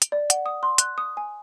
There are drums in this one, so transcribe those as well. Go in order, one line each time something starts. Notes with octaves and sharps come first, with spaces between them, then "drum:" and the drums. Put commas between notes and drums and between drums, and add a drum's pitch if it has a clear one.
drum: hi-hat
D5
F#5, drum: hi-hat
D#6
C6
F#6, drum: hi-hat
D#6
G#5